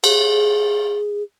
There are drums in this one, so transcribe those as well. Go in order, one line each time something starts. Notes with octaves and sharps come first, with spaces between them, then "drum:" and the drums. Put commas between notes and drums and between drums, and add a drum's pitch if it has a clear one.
G#4, drum: cymbal